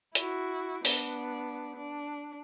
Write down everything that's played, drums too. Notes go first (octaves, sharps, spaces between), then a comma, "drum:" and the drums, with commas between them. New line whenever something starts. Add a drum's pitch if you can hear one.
E4 F#4, drum: hi-hat
B3 D4, drum: open hi-hat
D4